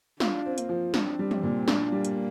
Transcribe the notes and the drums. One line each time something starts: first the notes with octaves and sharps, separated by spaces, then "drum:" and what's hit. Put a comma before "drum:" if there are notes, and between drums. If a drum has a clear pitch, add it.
D4 F4, drum: snare
C4
A#3, drum: hi-hat
F3
C4 D4, drum: snare
G3
drum: tom
A#2
A#3 D4, drum: snare
G3
drum: hi-hat